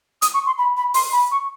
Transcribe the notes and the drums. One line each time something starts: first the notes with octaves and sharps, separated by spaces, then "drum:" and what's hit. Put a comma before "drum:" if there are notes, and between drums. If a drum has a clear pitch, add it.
D#6, drum: hi-hat
C#6
C6
B5
B5
C6, drum: open hi-hat
B5
C#6